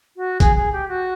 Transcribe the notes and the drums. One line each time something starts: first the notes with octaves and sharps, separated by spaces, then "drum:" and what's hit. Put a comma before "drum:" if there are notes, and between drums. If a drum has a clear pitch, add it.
F#4
G#4, drum: kick A1, hi-hat
G#4
G4
F#4